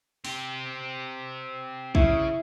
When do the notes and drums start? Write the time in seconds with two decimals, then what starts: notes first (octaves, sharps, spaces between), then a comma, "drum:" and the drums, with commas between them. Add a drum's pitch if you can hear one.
0.25 C4 G4, drum: open hi-hat
1.95 C#3 E4, drum: kick